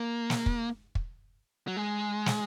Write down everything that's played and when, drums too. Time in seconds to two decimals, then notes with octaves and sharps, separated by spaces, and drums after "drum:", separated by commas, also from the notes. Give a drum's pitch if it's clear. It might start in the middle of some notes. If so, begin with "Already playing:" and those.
Already playing: A#3
0.30 drum: snare
0.46 drum: kick
0.95 drum: kick
1.68 F#3
1.76 G#3
2.26 drum: snare